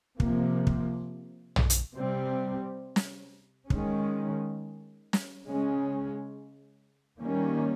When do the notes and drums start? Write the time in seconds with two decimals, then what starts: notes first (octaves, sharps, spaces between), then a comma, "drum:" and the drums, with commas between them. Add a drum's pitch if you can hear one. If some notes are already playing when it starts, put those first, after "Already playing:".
0.20 C3 F3 A#3, drum: kick
0.67 drum: kick
1.56 drum: tom
1.70 drum: hi-hat
1.95 C3 G3 C4
2.96 drum: snare
3.70 D#3 G#3 C#4, drum: kick
5.13 drum: snare
5.46 C#3 G#3 C#4
7.21 D#3 G3 A#3 C#4